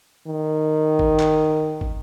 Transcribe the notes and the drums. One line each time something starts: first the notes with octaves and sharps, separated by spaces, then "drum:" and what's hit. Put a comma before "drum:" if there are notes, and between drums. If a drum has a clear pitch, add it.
D#3
drum: kick
drum: clap
drum: kick